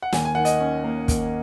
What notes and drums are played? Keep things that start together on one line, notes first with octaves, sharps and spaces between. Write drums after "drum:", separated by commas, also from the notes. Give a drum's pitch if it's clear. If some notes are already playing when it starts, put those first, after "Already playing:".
F#5
D#2 G#5, drum: snare
G#5
D#3 F#5
D#5, drum: hi-hat
C#4
A#3
D#2, drum: kick, hi-hat